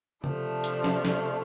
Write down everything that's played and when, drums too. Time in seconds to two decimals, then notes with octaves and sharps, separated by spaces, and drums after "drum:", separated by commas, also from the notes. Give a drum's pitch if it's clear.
0.24 C3 F3 A3 D4, drum: tom
0.64 drum: hi-hat
0.84 drum: snare
1.05 drum: snare